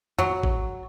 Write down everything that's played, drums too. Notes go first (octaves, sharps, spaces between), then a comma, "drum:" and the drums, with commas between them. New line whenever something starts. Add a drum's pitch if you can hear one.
F#3, drum: tom
drum: kick